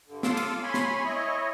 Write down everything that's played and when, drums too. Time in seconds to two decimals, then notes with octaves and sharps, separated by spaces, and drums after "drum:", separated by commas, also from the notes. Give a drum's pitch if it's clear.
0.07 G2 D3
0.23 F4 A4 F5 C6 D6 E6, drum: snare
0.37 drum: cymbal
0.63 C#5 G#5 B5 C6
0.74 drum: snare
1.04 E4 C#5 D#5